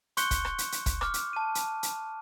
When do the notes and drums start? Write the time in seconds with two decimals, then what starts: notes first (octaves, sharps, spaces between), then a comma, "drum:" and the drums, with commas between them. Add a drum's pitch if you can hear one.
0.17 C6 C#6 F#6 G6 C#7 G7, drum: hi-hat
0.31 drum: kick, hi-hat
0.45 drum: rim click
0.58 drum: hi-hat
0.72 drum: hi-hat
0.86 drum: kick, hi-hat
1.01 D6 F6, drum: rim click
1.14 drum: hi-hat
1.33 A5 D#7
1.55 drum: hi-hat
1.83 drum: hi-hat